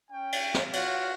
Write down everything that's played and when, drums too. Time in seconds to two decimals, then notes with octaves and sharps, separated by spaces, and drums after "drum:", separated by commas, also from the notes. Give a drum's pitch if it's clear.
0.11 C#4 G5
0.32 drum: cymbal
0.54 drum: snare
0.73 F4 F#4 C#5 F5, drum: cymbal